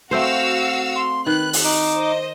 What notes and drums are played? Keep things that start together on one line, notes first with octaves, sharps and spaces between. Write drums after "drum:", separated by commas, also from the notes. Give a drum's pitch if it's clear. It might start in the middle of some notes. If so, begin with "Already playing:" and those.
A3 C4 F#4 C5 F5 E6
C6
D#3 B4 F#6
drum: open hi-hat
D#4 D6
C5 D#5